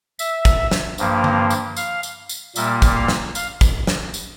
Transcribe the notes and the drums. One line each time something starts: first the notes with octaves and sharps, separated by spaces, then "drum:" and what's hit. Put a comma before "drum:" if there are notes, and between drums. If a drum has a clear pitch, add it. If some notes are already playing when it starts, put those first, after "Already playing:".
E5, drum: tambourine
drum: kick, tambourine
drum: snare
G2 F3 A#3, drum: tambourine
drum: tom D3
drum: tambourine
F5, drum: tambourine
drum: tambourine
drum: tambourine
A#2 G3 A#3 E5, drum: tambourine
drum: kick, tambourine
F5
drum: snare
F5, drum: tambourine
drum: kick, tambourine
drum: snare
drum: tambourine